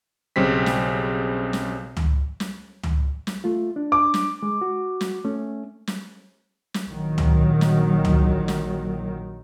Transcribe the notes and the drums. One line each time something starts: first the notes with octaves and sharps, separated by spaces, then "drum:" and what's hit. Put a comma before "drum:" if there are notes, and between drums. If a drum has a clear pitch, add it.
B1 C#3 G3 C4 B6
drum: snare
drum: snare
drum: tom C#2
drum: snare
drum: tom C#2
drum: snare
A3 F4
D4
D6
drum: snare
G#3
F#4
drum: snare
A3 C#4
drum: snare
drum: snare
A#1 D#3 F#3
drum: tom C#2
drum: snare
drum: tom C#2
drum: snare